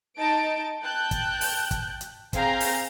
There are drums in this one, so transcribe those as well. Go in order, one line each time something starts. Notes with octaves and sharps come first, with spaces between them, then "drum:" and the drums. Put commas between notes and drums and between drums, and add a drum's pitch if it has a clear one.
D#4 D#5 A5 D7
G5 A5 F#6 G6
drum: kick, hi-hat
drum: open hi-hat
drum: kick, hi-hat
drum: hi-hat
C4 G#4 F5 G#5 A#5 G6, drum: kick, hi-hat
drum: open hi-hat